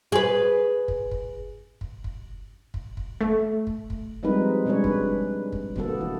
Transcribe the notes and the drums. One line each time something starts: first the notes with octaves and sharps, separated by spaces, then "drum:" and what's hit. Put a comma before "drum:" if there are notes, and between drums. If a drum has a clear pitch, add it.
G#4 B4
drum: kick
drum: kick
drum: kick
drum: kick
drum: kick
drum: kick
A3
drum: kick
drum: kick
F3 G3 G#3 C4 D#4 B4
B2 G3 G#3 C#4 D4 C#5
B4, drum: kick
drum: kick
B2 D3 F#3 A#3 B3 A4, drum: kick
E3